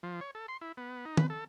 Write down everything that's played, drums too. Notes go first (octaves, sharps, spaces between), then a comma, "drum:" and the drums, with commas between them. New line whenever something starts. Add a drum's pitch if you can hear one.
F3
C#5
A4
C6
E4
B3
D#4
B4, drum: tom
A4